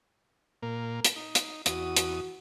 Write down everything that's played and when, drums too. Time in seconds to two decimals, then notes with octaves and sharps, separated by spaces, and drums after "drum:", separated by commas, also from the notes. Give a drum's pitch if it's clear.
0.63 A#2 A#3
1.05 drum: hi-hat
1.16 D#4
1.35 drum: hi-hat
1.66 E2 F#4 D#6, drum: hi-hat
1.97 drum: hi-hat